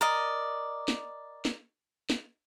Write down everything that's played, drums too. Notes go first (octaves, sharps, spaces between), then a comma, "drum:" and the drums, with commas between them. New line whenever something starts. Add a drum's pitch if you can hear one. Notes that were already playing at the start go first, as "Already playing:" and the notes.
A#4 D5 D#5
drum: snare
drum: snare
drum: snare